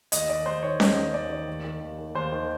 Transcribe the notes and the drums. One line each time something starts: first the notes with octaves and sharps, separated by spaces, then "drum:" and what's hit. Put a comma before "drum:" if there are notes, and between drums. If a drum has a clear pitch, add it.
D#2 D#5, drum: hi-hat
D#3 D5
D#2 C5
D#3 C#5
D#2 D#5, drum: snare C#4
D#3
D#2 D5
D#3
D#2
D#3
D#2
D#3
D#2 C5
D#3